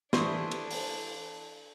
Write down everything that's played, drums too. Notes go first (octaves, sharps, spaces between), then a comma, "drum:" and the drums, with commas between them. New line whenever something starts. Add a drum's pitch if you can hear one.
E3 D4 G4 A4 C5 D5 C#6 D#6, drum: snare
drum: cymbal
drum: open hi-hat